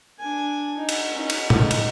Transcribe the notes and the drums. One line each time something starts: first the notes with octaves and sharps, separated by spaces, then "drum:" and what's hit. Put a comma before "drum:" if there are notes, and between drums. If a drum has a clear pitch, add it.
D4 G#5
D#4
drum: cymbal
C#4 D#4
drum: cymbal
D#4, drum: tom A2
drum: cymbal